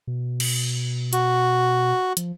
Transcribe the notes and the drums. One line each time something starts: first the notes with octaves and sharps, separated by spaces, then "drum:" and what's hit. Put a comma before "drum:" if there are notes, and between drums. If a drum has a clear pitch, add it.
B2
drum: cymbal
F#4, drum: hi-hat
F3, drum: hi-hat